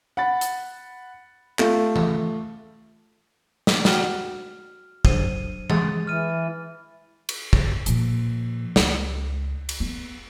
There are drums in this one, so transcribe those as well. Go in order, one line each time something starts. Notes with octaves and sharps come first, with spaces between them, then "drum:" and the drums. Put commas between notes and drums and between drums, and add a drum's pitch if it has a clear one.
F#5 B5 A6
drum: hi-hat
A3 F4, drum: clap
drum: tom E3
drum: snare
F#4 F#5 G5 F6, drum: snare
F#3 D4 C5 D#7, drum: kick
G#3 A6, drum: tom E3
E3 F6 D#7
drum: cymbal
drum: kick
A#2 F3, drum: hi-hat
C#2, drum: snare
drum: cymbal
B3